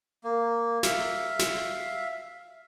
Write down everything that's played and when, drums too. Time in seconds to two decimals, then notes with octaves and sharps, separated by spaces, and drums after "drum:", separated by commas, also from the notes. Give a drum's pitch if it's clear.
0.24 A#3
0.83 E5 F5, drum: snare
1.39 drum: snare